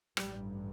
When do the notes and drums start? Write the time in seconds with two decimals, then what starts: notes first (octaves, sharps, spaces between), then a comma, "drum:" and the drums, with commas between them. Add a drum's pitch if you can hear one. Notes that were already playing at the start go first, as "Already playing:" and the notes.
0.17 A1 G2 G3, drum: rim click